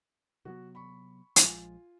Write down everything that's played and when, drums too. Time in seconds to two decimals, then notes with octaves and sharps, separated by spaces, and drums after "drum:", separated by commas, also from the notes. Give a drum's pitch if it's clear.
0.45 C3 F#3 B3 F#4
0.75 B5 C#6
1.36 A#1 F3 G#3 F4 G#5, drum: hi-hat